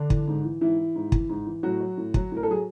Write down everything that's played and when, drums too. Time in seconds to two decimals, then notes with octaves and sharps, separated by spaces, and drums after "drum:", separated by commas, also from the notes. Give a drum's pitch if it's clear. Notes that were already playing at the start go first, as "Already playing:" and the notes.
Already playing: D3 D4
0.10 E3, drum: kick
0.28 G#2
0.44 E3
0.61 G#2 E3 E4
0.78 E3
0.96 G#2
1.12 E3, drum: kick
1.29 G#2
1.47 E3
1.63 A2 F#3 F#4
1.80 F#3
1.97 A2
2.14 F#3, drum: kick
2.32 A2 A#4
2.43 A4
2.48 F#3 G#4